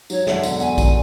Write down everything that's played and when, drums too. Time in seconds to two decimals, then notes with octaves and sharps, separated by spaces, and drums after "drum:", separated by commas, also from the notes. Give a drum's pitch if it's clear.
0.10 F#3 C#5, drum: tambourine
0.27 D3 E5, drum: snare
0.43 E1 F#5, drum: tambourine
0.60 E2 G#5, drum: tambourine
0.78 F#3, drum: kick A#1, tambourine